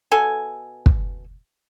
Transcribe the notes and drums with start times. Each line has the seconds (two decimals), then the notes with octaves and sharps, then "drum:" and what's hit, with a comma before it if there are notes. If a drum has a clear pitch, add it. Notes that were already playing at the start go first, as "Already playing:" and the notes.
0.12 B2 A4 G#5
0.86 drum: kick